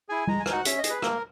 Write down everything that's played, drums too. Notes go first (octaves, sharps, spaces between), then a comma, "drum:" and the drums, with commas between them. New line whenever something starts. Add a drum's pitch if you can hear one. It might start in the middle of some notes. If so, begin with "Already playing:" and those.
E4 G#4 G#5
G#3 A#5, drum: tom G3
G#5
D#4, drum: rim click
F#4 F#5
C#4 E5, drum: hi-hat
D#5
G#4, drum: hi-hat
B4
A#3 A#4, drum: rim click